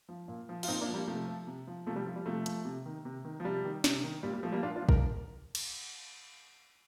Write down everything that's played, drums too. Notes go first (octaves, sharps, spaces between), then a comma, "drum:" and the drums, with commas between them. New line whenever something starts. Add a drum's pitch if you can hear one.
F3
A#2
F3
F4, drum: cymbal
A#2 C4 D#4
A#3 D4
F3
G3 A#3
C3 F3 A3
F3
C3
F3
C3 F3 A3
G3
F3
G3
C3 F3 A3
F3, drum: hi-hat
C3
D#3
C3
D#3
F3
C3 G3
D#3
C3, drum: snare
D#3
A#2 G3
G3
F3 A3
G3 A#3
A#2 D4 F4
D4 F4
F3
A#4, drum: kick
drum: cymbal